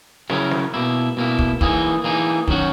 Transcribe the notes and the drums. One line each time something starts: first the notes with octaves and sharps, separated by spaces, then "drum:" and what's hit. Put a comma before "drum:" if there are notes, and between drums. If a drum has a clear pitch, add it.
C#3 F#3 C#4 E4 A#4, drum: snare
drum: snare
B2 A#3 E4
B2 A#3 E4
drum: kick
E3 A#3 D#4 G#4, drum: kick
E3 A#3 D#4 G#4
D#3 F#3 C#4 F#4, drum: kick